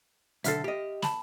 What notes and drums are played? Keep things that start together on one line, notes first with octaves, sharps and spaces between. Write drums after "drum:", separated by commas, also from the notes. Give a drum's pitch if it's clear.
B1 D3 A4 E5 F6 C7, drum: hi-hat
G4 D#5
A5 B5, drum: snare